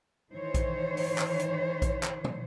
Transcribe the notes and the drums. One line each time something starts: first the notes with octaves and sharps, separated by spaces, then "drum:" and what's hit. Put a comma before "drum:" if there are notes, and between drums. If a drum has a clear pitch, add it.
D#3 E3 C5 C#5
drum: kick A#1, hi-hat
drum: open hi-hat
drum: clap
drum: hi-hat
drum: kick A#1, hi-hat
drum: clap
drum: tom